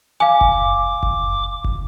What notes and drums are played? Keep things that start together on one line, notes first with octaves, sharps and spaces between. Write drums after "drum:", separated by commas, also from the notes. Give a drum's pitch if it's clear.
F5 G#5 D6
drum: kick F#1
drum: kick F#1
drum: kick F#1